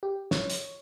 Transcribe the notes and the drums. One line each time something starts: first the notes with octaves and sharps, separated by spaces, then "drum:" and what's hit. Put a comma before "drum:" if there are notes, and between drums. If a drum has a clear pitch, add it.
G4
C#5, drum: snare
drum: hi-hat